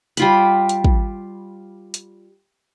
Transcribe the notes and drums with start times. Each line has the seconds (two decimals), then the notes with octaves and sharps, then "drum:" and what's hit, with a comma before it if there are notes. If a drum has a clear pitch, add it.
0.17 G3 F4 B5, drum: hi-hat
0.69 drum: hi-hat
0.84 drum: kick
1.94 drum: hi-hat